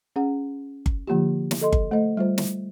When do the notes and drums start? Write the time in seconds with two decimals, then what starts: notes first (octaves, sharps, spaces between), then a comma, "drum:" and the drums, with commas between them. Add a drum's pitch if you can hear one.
0.16 C#4 G#4 F#5
0.86 drum: kick G1
1.07 D3 F3 A#3 F4 G4
1.51 drum: snare
1.61 A4 D#5 C6
1.73 drum: kick G1
1.91 A3 A4 C5 D#5
2.17 G3 F4 C5
2.38 drum: snare